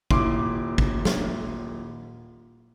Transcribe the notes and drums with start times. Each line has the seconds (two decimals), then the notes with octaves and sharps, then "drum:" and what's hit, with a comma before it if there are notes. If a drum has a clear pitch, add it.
0.11 D#1 E4 C6 D6, drum: kick
0.78 drum: kick
1.05 drum: snare